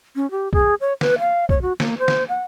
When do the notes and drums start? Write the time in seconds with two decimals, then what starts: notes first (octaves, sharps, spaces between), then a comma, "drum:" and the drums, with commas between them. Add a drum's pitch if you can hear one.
0.16 C#4
0.31 G4
0.53 G#4, drum: kick B1
0.81 C#5
1.01 B4, drum: snare
1.20 F5
1.49 C#5, drum: kick B1
1.62 F#4
1.80 A#3, drum: snare
1.99 C5
2.08 drum: snare
2.29 F#5